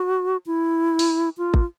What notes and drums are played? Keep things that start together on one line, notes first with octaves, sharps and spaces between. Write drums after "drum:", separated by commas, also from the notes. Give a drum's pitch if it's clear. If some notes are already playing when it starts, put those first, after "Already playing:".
Already playing: F#4
E4
drum: open hi-hat
F4
drum: kick